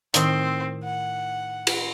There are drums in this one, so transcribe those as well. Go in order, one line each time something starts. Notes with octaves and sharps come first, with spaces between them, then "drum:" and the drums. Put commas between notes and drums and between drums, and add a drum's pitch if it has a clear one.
A2 D#3 C4, drum: hi-hat
F#5
drum: cymbal